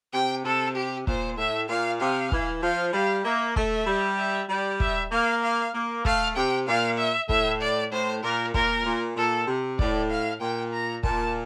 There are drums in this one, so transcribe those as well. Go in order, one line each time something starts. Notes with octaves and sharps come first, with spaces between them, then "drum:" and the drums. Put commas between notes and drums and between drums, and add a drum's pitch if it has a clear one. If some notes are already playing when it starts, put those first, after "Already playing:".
C3 G5
C3 A4
G4
A#2 C5, drum: kick
A2 E5
A#2 F5
C3 F5
E3, drum: kick
F3 F5
G3 F5
A#3 E5
A3 E5, drum: kick
G3
E5
G3 D5
E5, drum: kick
A#3 F5
F5
A#3
A3 F5, drum: kick
C3 G5
A#2 F5
E5
A2 E5, drum: kick
D5
A2 C5
A#2 A#4
A#2 A#4, drum: kick
A#2
A#2 A4
C3
A2 D5, drum: kick
F5
A#2 G5
A#5
A#2 A5, drum: kick